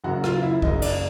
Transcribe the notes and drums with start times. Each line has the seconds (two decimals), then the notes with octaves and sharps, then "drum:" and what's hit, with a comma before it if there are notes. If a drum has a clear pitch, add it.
0.04 F#1 F#2 C#3 F#4
0.24 F4, drum: rim click
0.42 E4
0.62 F#1 F#2 C#3 D#4, drum: kick
0.82 D4, drum: cymbal